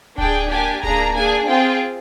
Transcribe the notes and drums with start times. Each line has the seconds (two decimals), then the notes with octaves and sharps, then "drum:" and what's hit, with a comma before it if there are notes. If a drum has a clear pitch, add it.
0.18 D4 G#4 G5, drum: kick D1
0.50 A#3 D4 G4 G#5
0.83 A#3 D4 G#4 A#5, drum: kick D1
1.15 A#3 D4 G#4 G#5
1.47 C4 F4 G#4 G5